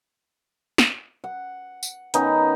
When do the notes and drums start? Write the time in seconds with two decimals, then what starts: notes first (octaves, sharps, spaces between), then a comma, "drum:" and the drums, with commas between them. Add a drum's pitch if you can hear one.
0.78 drum: snare
1.24 F#5
1.83 drum: tambourine
2.14 D#3 B3 C#4 D#4, drum: hi-hat